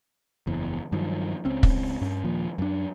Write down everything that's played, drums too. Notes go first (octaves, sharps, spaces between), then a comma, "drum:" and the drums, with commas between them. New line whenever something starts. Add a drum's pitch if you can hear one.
F#1 E2
G2 D#3 F3 F#3
C#2 C4 C#4
drum: kick
G2 C#4
D#2 A#2 F3
F#2 D4